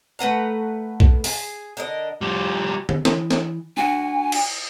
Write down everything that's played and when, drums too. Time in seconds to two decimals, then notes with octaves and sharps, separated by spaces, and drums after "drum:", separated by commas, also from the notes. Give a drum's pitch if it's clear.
0.19 A3 B4 F#5 A#5
1.00 drum: kick B1
1.24 G#4, drum: open hi-hat
1.77 D3 A#4 D#5
2.21 F3 G3
2.89 drum: tom D3
3.05 E3, drum: snare
3.31 drum: snare
3.77 D4 F#4 F#5 G#5
4.32 drum: cymbal